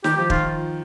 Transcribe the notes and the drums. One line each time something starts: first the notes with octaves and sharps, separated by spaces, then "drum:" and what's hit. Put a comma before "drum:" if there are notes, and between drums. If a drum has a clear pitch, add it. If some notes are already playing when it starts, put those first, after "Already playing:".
D#3 G4, drum: snare
F3 G4
D#3 F4, drum: kick